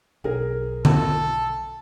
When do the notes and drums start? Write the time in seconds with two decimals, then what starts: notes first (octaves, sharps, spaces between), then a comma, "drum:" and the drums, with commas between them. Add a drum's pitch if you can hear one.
0.24 B1 G#4 A#4
0.85 A4, drum: tom D3